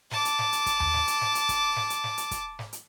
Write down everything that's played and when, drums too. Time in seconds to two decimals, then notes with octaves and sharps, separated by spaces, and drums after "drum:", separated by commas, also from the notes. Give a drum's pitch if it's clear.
0.11 A5 D6, drum: snare
0.25 drum: hi-hat
0.39 drum: snare
0.53 drum: hi-hat
0.66 drum: kick, hi-hat
0.80 drum: tom D#2
0.94 drum: snare
1.08 drum: hi-hat
1.21 drum: snare
1.35 drum: hi-hat
1.49 drum: kick, hi-hat
1.76 drum: snare
1.90 drum: hi-hat
2.04 drum: snare
2.18 drum: hi-hat
2.31 drum: kick, hi-hat
2.59 drum: snare
2.73 drum: hi-hat